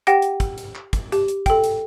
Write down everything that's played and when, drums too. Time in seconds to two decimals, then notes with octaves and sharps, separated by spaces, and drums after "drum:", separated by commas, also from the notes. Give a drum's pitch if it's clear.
0.07 G4 F#5 G5 A#6, drum: hi-hat
0.22 drum: hi-hat
0.40 drum: kick, hi-hat
0.58 drum: hi-hat
0.75 drum: clap
0.93 drum: kick, hi-hat
1.12 G4, drum: hi-hat
1.28 drum: hi-hat
1.46 A4 G5, drum: kick, hi-hat
1.64 drum: hi-hat